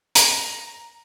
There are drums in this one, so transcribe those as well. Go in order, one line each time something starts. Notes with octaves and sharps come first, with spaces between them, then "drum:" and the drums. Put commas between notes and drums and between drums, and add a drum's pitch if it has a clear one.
A#5, drum: hi-hat